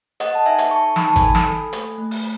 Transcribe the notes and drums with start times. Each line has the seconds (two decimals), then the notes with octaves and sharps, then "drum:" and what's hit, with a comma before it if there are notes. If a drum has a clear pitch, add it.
0.20 A4 D#5 F#5, drum: hi-hat
0.35 A5
0.46 D#4 E5 G#5
0.58 drum: hi-hat
0.71 A4 A5 C#6
0.96 D#4 B5, drum: snare
1.07 A5
1.16 G#5 B5, drum: kick G#1, hi-hat
1.22 A4
1.35 drum: snare
1.47 A4
1.73 A3, drum: hi-hat
1.98 A3
2.11 drum: open hi-hat